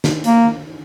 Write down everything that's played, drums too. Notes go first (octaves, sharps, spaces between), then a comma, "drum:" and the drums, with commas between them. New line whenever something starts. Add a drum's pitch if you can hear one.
drum: snare
A#3, drum: hi-hat